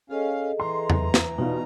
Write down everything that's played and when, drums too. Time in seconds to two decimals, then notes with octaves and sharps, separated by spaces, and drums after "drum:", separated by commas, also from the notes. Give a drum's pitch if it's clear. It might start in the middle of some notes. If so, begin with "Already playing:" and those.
0.10 C#4 G#4 A4 D#5 F5
0.60 E3 A#5 C6
0.90 drum: tom E2
1.14 drum: snare
1.38 B2 D#4 F4 B4 D5